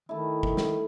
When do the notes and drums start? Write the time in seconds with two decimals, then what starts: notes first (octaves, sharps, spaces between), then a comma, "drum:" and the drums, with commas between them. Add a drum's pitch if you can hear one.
0.09 D#3 A3 E4
0.43 drum: kick
0.57 drum: snare